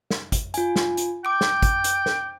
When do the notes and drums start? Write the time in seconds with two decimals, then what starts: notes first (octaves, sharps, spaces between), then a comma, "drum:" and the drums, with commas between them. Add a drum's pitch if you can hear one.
0.11 drum: snare
0.32 drum: kick, hi-hat
0.54 F4 G#5, drum: hi-hat
0.76 drum: snare
0.97 drum: hi-hat
1.25 G5 D6 D7
1.41 drum: snare
1.62 drum: kick, hi-hat
1.84 drum: hi-hat
2.06 drum: snare